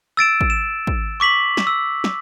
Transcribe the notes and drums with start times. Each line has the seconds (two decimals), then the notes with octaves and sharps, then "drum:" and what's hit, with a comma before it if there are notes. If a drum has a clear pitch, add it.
0.17 E6 A6 D7 E7
0.41 drum: kick
0.50 E7
0.87 drum: kick
1.20 C#6 D6 B6 F#7
1.57 drum: snare
1.67 E6
2.04 drum: snare